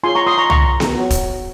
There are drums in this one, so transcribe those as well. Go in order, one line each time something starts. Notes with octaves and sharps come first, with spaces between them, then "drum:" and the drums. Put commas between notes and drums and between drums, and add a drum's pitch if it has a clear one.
F4 G#4 C#5 G#5 C6
A#5 C#6
C6 D#6
A#5 C#6
A#5 C#6, drum: tom C2
drum: snare B3
F#4 C#5
drum: kick, hi-hat